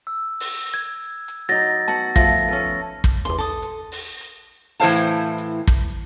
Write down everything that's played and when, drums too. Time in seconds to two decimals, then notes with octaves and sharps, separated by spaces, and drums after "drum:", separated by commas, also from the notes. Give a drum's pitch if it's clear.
0.07 E6
0.40 drum: open hi-hat
0.74 G#6
1.28 drum: hi-hat
1.49 F#3 D#4 A6 A#6
1.88 B3 F#4 F#5 A5, drum: hi-hat
2.16 F3 A3 A#6, drum: kick, hi-hat
2.49 C#4 A4 B4
3.04 drum: kick, hi-hat
3.25 A#1 E2 C6
3.38 A4 D#6
3.62 drum: hi-hat
3.92 drum: open hi-hat
4.21 drum: hi-hat
4.80 A2 E3 A#4 C5 F5 A5, drum: hi-hat
5.38 drum: hi-hat
5.67 drum: kick, hi-hat